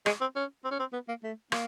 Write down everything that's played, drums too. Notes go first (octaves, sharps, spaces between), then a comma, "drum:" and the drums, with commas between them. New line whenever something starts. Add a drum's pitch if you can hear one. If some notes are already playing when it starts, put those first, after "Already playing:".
G#3, drum: rim click
C4
C#4
C4
C#4
C4
B3
A#3
A3
A#3, drum: rim click